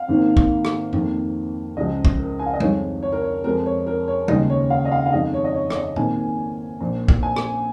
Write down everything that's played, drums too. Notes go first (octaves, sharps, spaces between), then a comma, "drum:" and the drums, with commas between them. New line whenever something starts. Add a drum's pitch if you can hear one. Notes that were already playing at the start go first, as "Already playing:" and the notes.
Already playing: F5
G#1 G#2 D#3 A#3
drum: kick
drum: rim click
F2 D#3 A#3, drum: tom G2
C#2 C#3 F3 G#3 D#5
drum: kick
A#4
G#5
F5
D#5
F2 D#3 G#3 C#5, drum: tom G3
C#5
A#4
C#5
F2 F3 G#3 A#4
C#5
A#4
C#5
D#2 C#3 G#3 D#5, drum: tom G3
C#5
F5
D#5
F5
F5
F2 D#3 G#3 D#5
C#5
D#5
C#5
C#5, drum: rim click
D#5
G#1 G#2 D#3 A#3 G#5, drum: tom A#2
A#1 A#2 A#3
drum: kick
G#5
drum: rim click